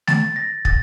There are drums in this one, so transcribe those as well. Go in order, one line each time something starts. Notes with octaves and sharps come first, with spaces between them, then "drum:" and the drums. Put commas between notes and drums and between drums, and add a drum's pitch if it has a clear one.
A6, drum: snare A3
A#6
A6, drum: kick